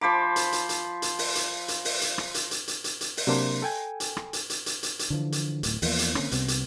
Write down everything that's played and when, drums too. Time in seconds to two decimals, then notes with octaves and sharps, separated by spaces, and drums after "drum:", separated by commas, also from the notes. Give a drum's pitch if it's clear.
0.01 F3 C5 B5 D6
0.36 drum: hi-hat
0.52 drum: hi-hat
0.69 drum: hi-hat
1.02 drum: hi-hat
1.19 drum: open hi-hat
1.35 drum: hi-hat
1.68 drum: hi-hat
1.85 drum: open hi-hat
2.01 drum: hi-hat
2.18 drum: rim click
2.34 drum: hi-hat
2.51 drum: hi-hat
2.68 drum: hi-hat
2.84 drum: hi-hat
3.01 drum: hi-hat
3.17 drum: open hi-hat
3.27 C3 F#3 A#3 D4 A#4 C6
3.62 A4 G5 G#5
4.00 drum: hi-hat
4.17 drum: rim click
4.33 drum: hi-hat
4.50 drum: hi-hat
4.66 drum: hi-hat
4.83 drum: hi-hat
4.99 drum: hi-hat
5.10 D3 E3 F3
5.32 drum: hi-hat
5.63 D1 A2, drum: hi-hat
5.82 E2 F3 F#3 A#3, drum: open hi-hat
5.99 drum: hi-hat
6.15 D3 A#3 C4 C#4, drum: rim click
6.32 C2 C3 B3 C#4, drum: hi-hat
6.48 drum: hi-hat